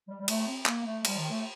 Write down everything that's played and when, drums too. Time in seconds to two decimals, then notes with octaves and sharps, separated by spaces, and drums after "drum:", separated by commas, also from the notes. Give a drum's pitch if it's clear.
0.08 G3
0.20 G3
0.28 A3, drum: cymbal
0.47 C4
0.66 A#3, drum: clap
0.85 A3
1.05 G3, drum: cymbal
1.17 D#3
1.30 A3